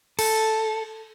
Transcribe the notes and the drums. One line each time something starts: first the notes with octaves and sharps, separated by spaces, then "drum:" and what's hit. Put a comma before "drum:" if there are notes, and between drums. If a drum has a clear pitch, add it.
A4, drum: cymbal